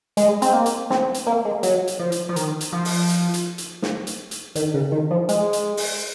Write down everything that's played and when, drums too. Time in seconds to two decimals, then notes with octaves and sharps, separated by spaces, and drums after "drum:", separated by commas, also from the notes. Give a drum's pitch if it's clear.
0.17 G#3, drum: hi-hat
0.42 C4, drum: hi-hat
0.53 A#3
0.66 drum: hi-hat
0.90 C4, drum: snare
1.14 drum: hi-hat
1.27 A#3
1.45 G#3
1.63 F#3, drum: hi-hat
1.87 drum: hi-hat
1.99 F3
2.12 drum: hi-hat
2.29 F3
2.36 D#3, drum: hi-hat
2.61 drum: hi-hat
2.72 F3
2.85 drum: open hi-hat
3.09 drum: hi-hat
3.34 drum: hi-hat
3.58 drum: hi-hat
3.82 drum: snare
4.07 drum: hi-hat
4.31 drum: hi-hat
4.55 D#3, drum: hi-hat
4.74 C#3
4.92 D#3
5.11 F3
5.29 G#3, drum: hi-hat
5.53 drum: hi-hat
5.77 drum: open hi-hat